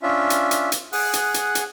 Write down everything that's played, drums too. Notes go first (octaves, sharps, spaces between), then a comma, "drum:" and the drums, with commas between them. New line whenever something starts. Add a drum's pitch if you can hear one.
C#4 D4 F4 E5
drum: hi-hat
drum: hi-hat
drum: hi-hat
G#4 F#5 D#6 F#6, drum: open hi-hat
drum: hi-hat
drum: hi-hat
drum: hi-hat